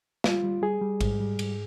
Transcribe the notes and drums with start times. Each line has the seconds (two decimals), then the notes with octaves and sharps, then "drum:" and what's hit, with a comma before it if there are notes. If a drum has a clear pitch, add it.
0.24 G3 F4, drum: snare
0.44 G3
0.62 G3 G#4
0.81 G3
1.01 G#2, drum: kick A1, cymbal
1.20 G3
1.39 G#2, drum: cymbal